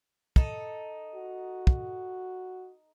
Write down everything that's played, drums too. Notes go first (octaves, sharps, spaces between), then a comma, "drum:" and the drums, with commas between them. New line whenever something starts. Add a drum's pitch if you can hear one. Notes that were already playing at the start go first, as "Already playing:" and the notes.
D#4 A4, drum: kick
F#4
drum: kick